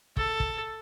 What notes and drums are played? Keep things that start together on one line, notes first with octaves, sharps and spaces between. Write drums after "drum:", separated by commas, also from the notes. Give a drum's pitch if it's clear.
A4, drum: kick
drum: kick